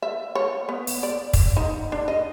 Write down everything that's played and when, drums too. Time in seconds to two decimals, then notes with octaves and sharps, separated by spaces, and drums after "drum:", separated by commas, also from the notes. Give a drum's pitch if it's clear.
0.02 E5
0.35 C#5
0.69 B3
0.87 drum: open hi-hat
1.03 D5
1.34 drum: kick, open hi-hat
1.57 D#4
1.92 D4
2.08 D#5